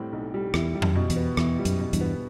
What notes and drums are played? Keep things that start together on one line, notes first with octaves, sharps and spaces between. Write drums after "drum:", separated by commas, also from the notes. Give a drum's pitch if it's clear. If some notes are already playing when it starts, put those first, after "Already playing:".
Already playing: A2 G3 C4
B1
G3
E2 E4, drum: rim click
G3
F#2, drum: tom F2
B2
E2, drum: hi-hat
B3
E2 E4, drum: rim click
G3
F#2, drum: hi-hat
B2
E2 G2, drum: hi-hat
B3